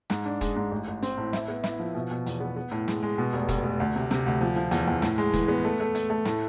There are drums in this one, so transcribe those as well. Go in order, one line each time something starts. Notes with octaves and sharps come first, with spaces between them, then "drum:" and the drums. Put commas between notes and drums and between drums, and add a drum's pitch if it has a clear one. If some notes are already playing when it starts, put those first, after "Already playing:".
G#2, drum: snare
D4
G#3, drum: kick, hi-hat
G#2
A1
A1
C4, drum: hi-hat
A2
E4, drum: snare
B3
E4, drum: snare
F3
B2
B2
E2, drum: hi-hat
B3
B3
A2
G#3, drum: snare
G#3
B2
F1
F1, drum: kick, hi-hat
F1
D2
C3
C3, drum: snare
D2
F3
F3
E2, drum: hi-hat
E2
A2, drum: snare
G#3
E3, drum: kick, hi-hat
B3
A3
A3
A3, drum: hi-hat
A3
A2, drum: snare